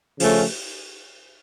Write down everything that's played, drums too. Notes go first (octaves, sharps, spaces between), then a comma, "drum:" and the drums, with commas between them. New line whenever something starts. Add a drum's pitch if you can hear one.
C#3 F3 A3 C#4, drum: open hi-hat